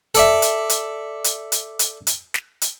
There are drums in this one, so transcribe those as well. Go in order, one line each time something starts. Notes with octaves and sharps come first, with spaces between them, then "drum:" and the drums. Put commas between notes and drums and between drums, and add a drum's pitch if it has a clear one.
A4 D5 E5, drum: hi-hat
drum: hi-hat
drum: hi-hat
drum: hi-hat
drum: hi-hat
drum: hi-hat
drum: hi-hat
drum: snare
drum: hi-hat